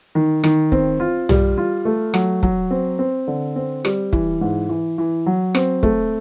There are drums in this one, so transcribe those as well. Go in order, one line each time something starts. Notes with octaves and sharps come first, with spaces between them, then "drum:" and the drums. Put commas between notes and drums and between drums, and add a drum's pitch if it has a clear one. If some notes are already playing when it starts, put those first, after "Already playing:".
D#3
D#3, drum: rim click
C4, drum: kick
F4
G3, drum: tom
F4
A3
F#3, drum: rim click
F#3, drum: kick
C4
C4
D3
C4
G3, drum: rim click
E3, drum: kick
G#2
E3
E3
F#3
C4, drum: rim click
A3, drum: kick